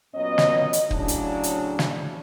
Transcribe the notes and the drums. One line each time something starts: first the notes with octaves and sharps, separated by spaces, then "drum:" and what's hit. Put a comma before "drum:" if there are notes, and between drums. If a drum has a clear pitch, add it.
A#2 F#3 B3 C#4 D#5
drum: snare
drum: hi-hat
A2 C#3 F#3 D4, drum: kick
drum: hi-hat
drum: hi-hat
drum: snare